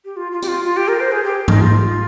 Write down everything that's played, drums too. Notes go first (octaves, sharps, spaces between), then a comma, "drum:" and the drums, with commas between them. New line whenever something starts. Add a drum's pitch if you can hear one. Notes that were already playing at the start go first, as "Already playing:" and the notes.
G4
F4
F4
G4, drum: hi-hat
F4
F4
G4
A#4
C5
G#4
G4
D#4, drum: tom G#2
F4